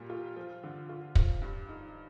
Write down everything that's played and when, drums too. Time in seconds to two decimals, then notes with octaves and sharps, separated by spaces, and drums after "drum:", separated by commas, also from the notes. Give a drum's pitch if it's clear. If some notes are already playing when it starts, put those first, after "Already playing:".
Already playing: A#2 G3
0.10 F4
0.37 F3
0.64 D3
0.89 F4
1.15 F3, drum: kick
1.42 G2
1.69 D#4